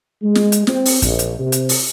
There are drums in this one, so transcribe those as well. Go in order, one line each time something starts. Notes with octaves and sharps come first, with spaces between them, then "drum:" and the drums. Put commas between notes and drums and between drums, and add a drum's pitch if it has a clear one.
G#3
drum: snare
drum: hi-hat
C4, drum: snare
drum: open hi-hat
A#1, drum: kick, hi-hat
drum: hi-hat
C3
drum: hi-hat
drum: open hi-hat